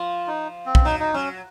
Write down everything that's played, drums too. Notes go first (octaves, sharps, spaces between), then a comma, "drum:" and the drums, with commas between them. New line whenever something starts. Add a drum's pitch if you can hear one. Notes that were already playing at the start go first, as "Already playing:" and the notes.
Already playing: F3 F4
D#4
C4
drum: kick B1
F#3 D#4
D#4
F#3 C#4